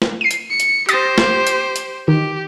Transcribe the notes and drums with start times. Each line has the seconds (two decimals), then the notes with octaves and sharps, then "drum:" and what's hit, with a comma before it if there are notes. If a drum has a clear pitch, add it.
0.02 drum: snare
0.21 C7 D#7
0.31 drum: hi-hat
0.51 C#7
0.60 drum: hi-hat
0.89 G4 C5 D#6 A6 A#6, drum: hi-hat
1.18 drum: snare
1.47 drum: hi-hat
1.76 drum: hi-hat
2.08 D#3 G4